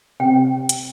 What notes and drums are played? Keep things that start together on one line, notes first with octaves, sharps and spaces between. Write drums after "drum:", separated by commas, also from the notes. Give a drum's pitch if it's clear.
C3 G5
drum: hi-hat